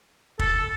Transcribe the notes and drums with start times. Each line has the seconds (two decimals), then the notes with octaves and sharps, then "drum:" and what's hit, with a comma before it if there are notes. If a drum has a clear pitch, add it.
0.39 A4, drum: kick